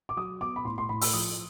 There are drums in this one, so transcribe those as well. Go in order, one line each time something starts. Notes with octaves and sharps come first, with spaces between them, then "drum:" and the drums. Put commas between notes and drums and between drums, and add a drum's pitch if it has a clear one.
D6
F#3 D#6
B3 D6
B5
A2 C6
C6
A2 B5
E6, drum: open hi-hat
F3 D#6